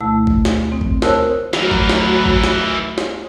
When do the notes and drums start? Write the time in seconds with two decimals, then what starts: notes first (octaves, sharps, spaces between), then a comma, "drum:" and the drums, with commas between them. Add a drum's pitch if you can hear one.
0.01 D2 B2 A3 E4 A5 E6
0.27 drum: kick
0.45 drum: snare
0.72 C4
0.81 drum: kick
1.02 A#4 C5 C#5 A5 E6 F#6, drum: snare
1.53 D2 E3 F#3 A#4 B5, drum: snare
1.71 drum: kick
1.89 drum: snare
2.26 drum: kick
2.44 drum: snare
2.98 drum: snare